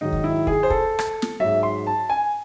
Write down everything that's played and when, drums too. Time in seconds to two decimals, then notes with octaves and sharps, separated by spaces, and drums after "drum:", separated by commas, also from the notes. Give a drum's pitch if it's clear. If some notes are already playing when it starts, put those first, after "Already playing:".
0.01 G#2 D#3 F#3 D#4
0.12 drum: kick
0.24 E4
0.47 G#4, drum: kick
0.63 C5
0.70 A4, drum: kick
0.99 drum: rim click
1.22 drum: snare
1.40 G#2 F#3 E5
1.63 C6
1.87 A5
2.09 G#5